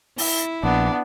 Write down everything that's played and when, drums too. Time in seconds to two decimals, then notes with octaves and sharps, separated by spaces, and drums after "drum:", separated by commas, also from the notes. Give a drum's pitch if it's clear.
0.18 E4, drum: open hi-hat
0.63 A#1 B3 D4